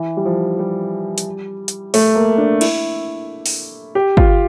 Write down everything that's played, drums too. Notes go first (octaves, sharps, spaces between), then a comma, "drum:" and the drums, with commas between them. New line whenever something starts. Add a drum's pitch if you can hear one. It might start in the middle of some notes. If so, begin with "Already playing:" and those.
Already playing: E3
G3
F3
G3
drum: hi-hat
drum: hi-hat
A3, drum: open hi-hat
A#3
D4
E4, drum: cymbal
drum: open hi-hat
G4
F4, drum: kick